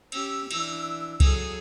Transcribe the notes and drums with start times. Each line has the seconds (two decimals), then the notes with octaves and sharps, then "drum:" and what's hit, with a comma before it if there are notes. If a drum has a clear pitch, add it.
0.12 C#4 G4 E6, drum: cymbal
0.51 E3 D4, drum: cymbal
1.20 F#3 G#4 A4, drum: kick C2, cymbal